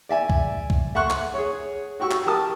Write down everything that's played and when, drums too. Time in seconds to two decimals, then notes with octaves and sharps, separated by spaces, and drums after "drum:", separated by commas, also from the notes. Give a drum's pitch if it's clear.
0.09 D5 E5 G#5
0.30 drum: kick C2
0.70 drum: kick C2
0.95 E5 F#5 C6 C#6 F#6
1.10 drum: clap
1.34 G#4 C#5
2.00 F#4 G4 C#6 E6
2.11 drum: clap
2.26 G4 A#4 A5 D#6